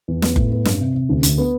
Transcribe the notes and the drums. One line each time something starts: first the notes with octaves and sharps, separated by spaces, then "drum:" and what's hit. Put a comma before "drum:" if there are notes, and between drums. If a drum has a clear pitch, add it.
E2
B3, drum: snare
A2, drum: kick F#1
B3
G2, drum: snare
C3
C3
D2
D2, drum: hi-hat
B3